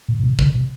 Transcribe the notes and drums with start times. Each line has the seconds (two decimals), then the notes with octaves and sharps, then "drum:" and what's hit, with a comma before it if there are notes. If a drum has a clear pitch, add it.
0.08 A#2
0.20 A#2
0.24 B2
0.39 C#3, drum: kick
0.55 B2